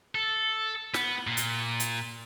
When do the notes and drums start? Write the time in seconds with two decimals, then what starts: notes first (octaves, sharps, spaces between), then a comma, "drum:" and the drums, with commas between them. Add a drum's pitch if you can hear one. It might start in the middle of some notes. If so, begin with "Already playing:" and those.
0.15 A4
0.94 B3, drum: snare
1.27 A#2
1.37 drum: hi-hat
1.80 drum: hi-hat